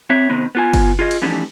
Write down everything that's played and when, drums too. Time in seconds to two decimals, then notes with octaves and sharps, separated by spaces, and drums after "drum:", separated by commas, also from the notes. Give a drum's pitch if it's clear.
0.10 C4 C#5 E5
0.29 C3 D#3 B3
0.55 B3 F4 G#5
0.73 drum: kick F#1, cymbal
0.99 F4 G#4 D#5
1.11 drum: cymbal
1.22 E3 F3 G3 A3 C#4 D#4